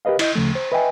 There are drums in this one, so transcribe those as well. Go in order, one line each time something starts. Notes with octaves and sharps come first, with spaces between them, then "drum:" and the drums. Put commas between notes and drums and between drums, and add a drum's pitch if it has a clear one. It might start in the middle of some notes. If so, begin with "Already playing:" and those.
G4 A#4 B4 D#5 F5
E4 D#5 G6, drum: cymbal
D2 C#3 F3 A3
C5
B4 D#5 E5 G5 G#5